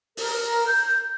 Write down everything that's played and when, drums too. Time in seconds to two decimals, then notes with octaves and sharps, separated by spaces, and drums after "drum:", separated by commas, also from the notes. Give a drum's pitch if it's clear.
0.17 A#4, drum: open hi-hat
0.66 G6